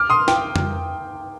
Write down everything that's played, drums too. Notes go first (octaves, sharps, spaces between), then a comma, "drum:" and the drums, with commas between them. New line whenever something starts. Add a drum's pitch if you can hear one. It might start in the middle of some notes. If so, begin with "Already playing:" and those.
Already playing: D6 F6
C6 D#6
G5, drum: snare
drum: tom F2